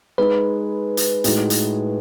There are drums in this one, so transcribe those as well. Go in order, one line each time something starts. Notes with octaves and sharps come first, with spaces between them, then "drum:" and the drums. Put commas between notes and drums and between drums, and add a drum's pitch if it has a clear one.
G#3 D#4 G#4 B4
drum: hi-hat
A2 G#3 D#4 F#4, drum: hi-hat
drum: hi-hat